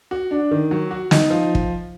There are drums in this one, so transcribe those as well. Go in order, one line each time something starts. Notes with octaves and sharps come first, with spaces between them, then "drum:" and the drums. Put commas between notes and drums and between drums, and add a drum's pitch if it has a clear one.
F#4
D4
D#3
F#3
F#4
D#4, drum: snare
F3
drum: kick